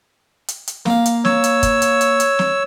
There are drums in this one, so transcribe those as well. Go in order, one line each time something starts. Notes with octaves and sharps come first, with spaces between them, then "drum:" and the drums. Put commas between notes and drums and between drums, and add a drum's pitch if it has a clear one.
drum: hi-hat
drum: hi-hat
A#3 F5, drum: snare
drum: hi-hat
C#5 E6, drum: snare
drum: hi-hat
drum: kick, hi-hat
drum: hi-hat
drum: hi-hat
drum: hi-hat
drum: snare